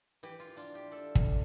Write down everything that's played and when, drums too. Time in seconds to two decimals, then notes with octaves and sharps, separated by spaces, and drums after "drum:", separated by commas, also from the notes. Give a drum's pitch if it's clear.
0.23 E3 G4
0.40 F4
0.57 D4 F4
0.75 G4
0.91 D4 A4
1.15 drum: kick